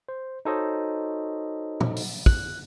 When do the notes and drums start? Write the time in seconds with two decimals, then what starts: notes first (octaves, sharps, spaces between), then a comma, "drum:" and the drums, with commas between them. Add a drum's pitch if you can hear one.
0.09 C5
0.45 D#4 F#4 A4 C5 C#5 D#5
1.80 drum: tom
1.96 drum: open hi-hat
2.26 F#6, drum: kick